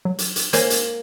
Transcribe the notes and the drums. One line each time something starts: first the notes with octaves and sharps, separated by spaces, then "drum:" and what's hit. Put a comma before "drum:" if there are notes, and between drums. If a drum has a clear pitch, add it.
F#3
drum: hi-hat
drum: hi-hat
A#3 C5 C#5 G#5, drum: hi-hat
drum: hi-hat